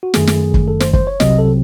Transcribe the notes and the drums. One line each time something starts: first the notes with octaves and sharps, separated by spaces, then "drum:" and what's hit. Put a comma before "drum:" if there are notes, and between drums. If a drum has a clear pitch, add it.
F#4
F#2 D#3 A3 G#4, drum: snare
drum: snare
drum: kick F#1
A4
C5, drum: snare
C5, drum: kick F#1
C#5
C2 C3 F#3 C4 D#5, drum: snare
A4